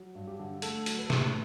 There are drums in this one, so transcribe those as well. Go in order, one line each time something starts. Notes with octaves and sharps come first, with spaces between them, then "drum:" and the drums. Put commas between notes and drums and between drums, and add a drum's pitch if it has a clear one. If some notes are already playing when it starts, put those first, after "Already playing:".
Already playing: F#3
G2
G4
D3
A3 A4, drum: hi-hat
F#3, drum: hi-hat
B4
A4
A2 B4, drum: snare